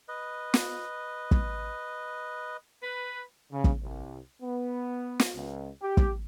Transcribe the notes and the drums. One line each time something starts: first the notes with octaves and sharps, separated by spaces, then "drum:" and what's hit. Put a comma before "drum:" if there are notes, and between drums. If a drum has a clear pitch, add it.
B4 D#5
drum: snare
drum: kick
B4
C#3
drum: kick
C2
B3
drum: snare
C#2
G4
drum: kick